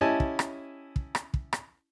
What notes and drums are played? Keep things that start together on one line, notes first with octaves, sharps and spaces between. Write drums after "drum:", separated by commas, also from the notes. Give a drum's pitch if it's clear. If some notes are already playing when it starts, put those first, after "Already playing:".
C#4 E4 G4 D#5 G#5 A5
drum: kick
drum: rim click
drum: kick
drum: rim click
drum: kick
drum: rim click